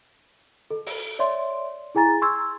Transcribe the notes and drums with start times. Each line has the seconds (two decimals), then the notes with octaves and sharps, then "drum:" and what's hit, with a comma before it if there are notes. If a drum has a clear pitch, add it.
0.71 A4
0.86 drum: open hi-hat
1.19 C#5 D5 E5 C6
1.95 E4 G#4 G#5 A#5 A6
2.22 C6 C#6 E6 G#6